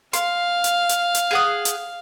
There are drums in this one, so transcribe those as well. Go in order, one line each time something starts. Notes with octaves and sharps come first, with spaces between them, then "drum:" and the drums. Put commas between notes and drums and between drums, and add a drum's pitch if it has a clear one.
F5 C6, drum: hi-hat
drum: hi-hat
drum: hi-hat
drum: hi-hat
G#4 F#5 D#6
drum: hi-hat